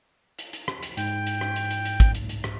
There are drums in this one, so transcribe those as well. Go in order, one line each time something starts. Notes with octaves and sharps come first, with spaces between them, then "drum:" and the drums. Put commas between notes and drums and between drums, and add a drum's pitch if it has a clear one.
drum: hi-hat
drum: hi-hat
drum: rim click
drum: hi-hat
G#2 G5, drum: hi-hat
drum: hi-hat
drum: rim click
drum: hi-hat
drum: hi-hat
drum: hi-hat
drum: kick, hi-hat
drum: hi-hat
drum: hi-hat
drum: rim click